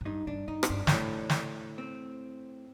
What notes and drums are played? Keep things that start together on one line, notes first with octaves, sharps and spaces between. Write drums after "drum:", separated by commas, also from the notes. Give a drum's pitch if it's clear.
A2
G2 D#4
G2 D4
G2 D#4
C4, drum: rim click
G2 D4
G2, drum: snare
A2
drum: snare
C4